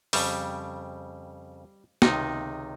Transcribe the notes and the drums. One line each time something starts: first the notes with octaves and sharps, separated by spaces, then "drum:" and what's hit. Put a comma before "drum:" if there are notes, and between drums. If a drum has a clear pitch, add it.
F2 C#3 G3, drum: open hi-hat
C#2 C3 D#3 D#4, drum: snare